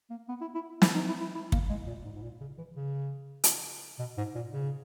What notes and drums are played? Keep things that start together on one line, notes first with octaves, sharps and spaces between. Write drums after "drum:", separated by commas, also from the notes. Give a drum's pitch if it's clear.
A#3
B3
E4
E4
E4, drum: snare
D#4
E4
E4
E4
A#3, drum: kick
G#3
A#2
G#2
G#2
A#2
C#3
E3
C#3
drum: hi-hat
B2
G#2
A#2
C#3